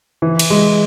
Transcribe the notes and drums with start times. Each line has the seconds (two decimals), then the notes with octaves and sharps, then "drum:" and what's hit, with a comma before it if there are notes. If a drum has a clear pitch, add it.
0.22 E3
0.39 drum: cymbal
0.50 G#3